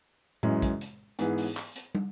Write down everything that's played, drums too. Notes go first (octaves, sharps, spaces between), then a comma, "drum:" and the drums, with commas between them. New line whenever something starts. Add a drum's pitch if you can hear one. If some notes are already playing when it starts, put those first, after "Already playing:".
F#2 E3 G#3 C#4, drum: tom A2
drum: kick, hi-hat
drum: hi-hat
G#2 E3 B3 G#4, drum: hi-hat
drum: open hi-hat
drum: clap
drum: hi-hat
drum: tom